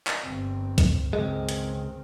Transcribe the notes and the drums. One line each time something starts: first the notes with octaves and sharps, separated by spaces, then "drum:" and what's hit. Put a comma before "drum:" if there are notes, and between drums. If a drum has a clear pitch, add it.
drum: clap
G1 C4
drum: kick B1, hi-hat
C#2 D#3 G#3 C4
drum: hi-hat